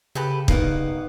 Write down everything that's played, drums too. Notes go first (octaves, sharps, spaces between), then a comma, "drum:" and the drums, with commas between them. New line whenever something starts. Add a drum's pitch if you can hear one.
C#3 G4 A4 B4
G2 G3 A#3 B3 D#4 B4 F#5, drum: kick